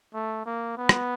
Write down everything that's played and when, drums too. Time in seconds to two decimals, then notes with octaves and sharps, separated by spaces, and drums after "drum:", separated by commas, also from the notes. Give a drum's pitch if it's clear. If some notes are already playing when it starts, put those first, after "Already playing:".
0.14 A3
0.46 A#3
0.77 B3
0.89 drum: rim click